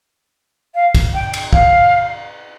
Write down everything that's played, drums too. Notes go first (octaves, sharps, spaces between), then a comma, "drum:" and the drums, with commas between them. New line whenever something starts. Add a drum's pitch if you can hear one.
F5
drum: kick, cymbal
G5
drum: cymbal
F5, drum: kick